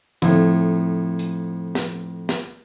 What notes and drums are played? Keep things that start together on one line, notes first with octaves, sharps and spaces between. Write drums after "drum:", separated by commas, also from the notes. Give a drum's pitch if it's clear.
F2 A2, drum: tom D3
drum: hi-hat
drum: snare
drum: snare